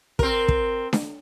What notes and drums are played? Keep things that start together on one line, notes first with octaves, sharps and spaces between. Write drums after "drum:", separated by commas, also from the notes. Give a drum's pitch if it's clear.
C4 A#4, drum: kick
drum: kick
drum: snare D4